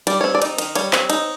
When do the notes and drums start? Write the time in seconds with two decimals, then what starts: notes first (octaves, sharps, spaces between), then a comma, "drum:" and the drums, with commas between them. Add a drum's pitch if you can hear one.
0.07 G3 D5, drum: cymbal
0.21 C4 C#5
0.35 D5
0.42 D#4, drum: cymbal
0.58 D#3, drum: cymbal
0.75 G3 C#5, drum: cymbal
0.93 C4, drum: clap
1.10 D#4, drum: cymbal